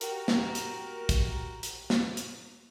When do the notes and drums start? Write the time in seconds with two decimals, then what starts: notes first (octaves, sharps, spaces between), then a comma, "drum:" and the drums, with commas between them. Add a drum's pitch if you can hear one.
0.01 F#4 G4 A#4, drum: hi-hat
0.28 drum: snare
0.55 drum: hi-hat
1.09 drum: kick, hi-hat
1.63 drum: hi-hat
1.90 drum: snare
2.17 drum: hi-hat